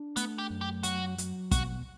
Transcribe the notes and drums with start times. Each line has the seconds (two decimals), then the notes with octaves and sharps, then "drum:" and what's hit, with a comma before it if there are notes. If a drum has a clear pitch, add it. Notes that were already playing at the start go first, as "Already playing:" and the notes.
Already playing: D4
0.17 A3 B3, drum: hi-hat
0.38 G4
0.50 F#2
0.61 G4
0.83 F#3 F#4, drum: hi-hat
1.18 F#3, drum: hi-hat
1.51 B2 F#4, drum: kick, hi-hat